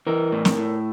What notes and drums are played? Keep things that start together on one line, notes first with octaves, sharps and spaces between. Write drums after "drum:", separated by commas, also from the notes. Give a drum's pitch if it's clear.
E3 A#4
A2
drum: snare
A2